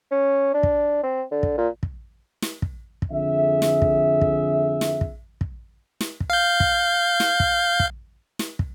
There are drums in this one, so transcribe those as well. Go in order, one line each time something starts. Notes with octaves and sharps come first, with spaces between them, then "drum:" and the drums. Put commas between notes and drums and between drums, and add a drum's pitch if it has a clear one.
C#4
D4
drum: kick
C4
D3
drum: kick
A#2
drum: kick
drum: snare
drum: kick
drum: kick
F2 D3 G#4 E5
drum: snare
drum: kick
drum: kick
drum: snare
drum: kick
drum: kick
drum: snare
drum: kick
F5 G6
drum: kick
drum: snare
drum: kick
drum: kick
drum: snare
drum: kick